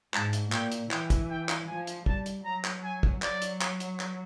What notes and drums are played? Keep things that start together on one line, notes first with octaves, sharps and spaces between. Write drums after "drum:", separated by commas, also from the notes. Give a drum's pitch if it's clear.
G#2 A5, drum: clap
drum: hi-hat
A#2 G5, drum: clap
drum: hi-hat
E3 G5, drum: clap
drum: kick, hi-hat
G5
drum: clap
F3 G#5
drum: hi-hat
G3 A5, drum: kick
drum: hi-hat
F#3 A#5
drum: clap
G#5
drum: kick
F#3 D5, drum: clap
drum: hi-hat
drum: clap
drum: hi-hat
drum: clap